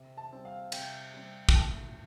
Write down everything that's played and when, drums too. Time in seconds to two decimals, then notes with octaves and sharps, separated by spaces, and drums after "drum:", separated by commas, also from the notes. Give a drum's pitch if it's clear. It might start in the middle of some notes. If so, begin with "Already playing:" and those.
Already playing: C3
0.17 A5
0.31 G3 C4
0.45 F5
0.72 C3 G5, drum: cymbal
1.14 G3 C4
1.49 G5, drum: kick
1.55 A2 A5